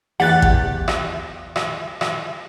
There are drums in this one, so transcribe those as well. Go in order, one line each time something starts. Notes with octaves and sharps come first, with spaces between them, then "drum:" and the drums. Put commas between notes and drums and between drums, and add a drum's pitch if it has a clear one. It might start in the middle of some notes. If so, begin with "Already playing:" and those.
E2 G4 F#5 F#6 A6
drum: kick A1
drum: rim click
drum: rim click
drum: rim click